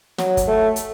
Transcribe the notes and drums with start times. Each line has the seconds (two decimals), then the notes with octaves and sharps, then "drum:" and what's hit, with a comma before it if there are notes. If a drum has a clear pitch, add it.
0.18 F#3, drum: snare
0.37 drum: kick, hi-hat
0.47 A3
0.76 drum: hi-hat